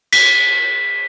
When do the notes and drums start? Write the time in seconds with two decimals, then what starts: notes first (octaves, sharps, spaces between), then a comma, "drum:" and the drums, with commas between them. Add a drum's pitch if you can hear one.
0.13 B6, drum: cymbal